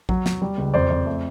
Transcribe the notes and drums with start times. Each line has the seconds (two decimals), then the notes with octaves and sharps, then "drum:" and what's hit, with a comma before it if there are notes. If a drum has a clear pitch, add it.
0.09 F#3, drum: kick A#1
0.26 F#3, drum: snare
0.42 G3
0.58 C#2
0.74 F2 C5 D5
0.90 F2
1.06 A3